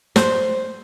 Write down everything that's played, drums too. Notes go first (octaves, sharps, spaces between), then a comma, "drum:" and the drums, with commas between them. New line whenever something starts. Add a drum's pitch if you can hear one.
C5, drum: snare